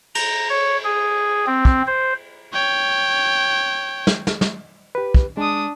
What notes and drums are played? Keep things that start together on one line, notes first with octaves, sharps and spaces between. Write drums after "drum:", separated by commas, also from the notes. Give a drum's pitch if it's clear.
A#5, drum: cymbal
C#5
G#4
C4
drum: kick
C5
C#5 G5
drum: snare
drum: snare
drum: snare
G4 B4
drum: kick
G#3 D4 D#6